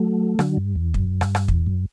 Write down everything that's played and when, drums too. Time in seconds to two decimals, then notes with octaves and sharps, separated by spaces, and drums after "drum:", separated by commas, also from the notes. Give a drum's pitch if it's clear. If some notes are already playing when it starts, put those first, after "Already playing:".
Already playing: F#3 A3
0.39 D3 F#3, drum: rim click
0.57 G2
0.76 E2
0.94 F#2, drum: kick
1.21 G2, drum: rim click
1.35 drum: rim click
1.48 E2, drum: kick
1.67 F#2